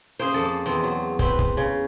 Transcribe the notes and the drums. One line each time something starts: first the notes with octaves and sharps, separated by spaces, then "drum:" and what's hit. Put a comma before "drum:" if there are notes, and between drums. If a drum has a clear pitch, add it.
A#3 C#4 G#4 C5
F2 A4 D5
E2 C4
F#3
C4 B4, drum: kick
drum: kick
C#3